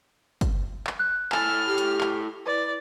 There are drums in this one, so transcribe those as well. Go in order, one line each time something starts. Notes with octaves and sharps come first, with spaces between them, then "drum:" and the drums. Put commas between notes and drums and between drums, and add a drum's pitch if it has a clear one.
drum: kick, hi-hat
drum: clap
F#6
E4 A4 G#5 A5 F6 A6, drum: clap
G4
drum: hi-hat
drum: clap
E4 B4 D5